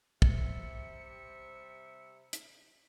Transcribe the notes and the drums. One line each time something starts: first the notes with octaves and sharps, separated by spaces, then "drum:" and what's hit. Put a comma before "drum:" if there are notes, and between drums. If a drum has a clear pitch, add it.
C3 G3 E5 C#7, drum: kick
drum: hi-hat